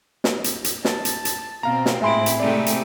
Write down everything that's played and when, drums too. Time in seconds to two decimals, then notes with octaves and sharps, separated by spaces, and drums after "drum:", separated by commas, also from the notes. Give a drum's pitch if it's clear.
0.24 drum: snare
0.44 drum: hi-hat
0.64 drum: hi-hat
0.85 A5, drum: snare
1.05 drum: hi-hat
1.25 drum: hi-hat
1.63 B2 C4 F5 A#5
1.86 drum: snare
2.02 A2 G#3 E4 E5 G#5 B5 C6 D7
2.26 drum: hi-hat
2.40 C3 G#3 A3 C4 D#4 G4 D5
2.66 drum: hi-hat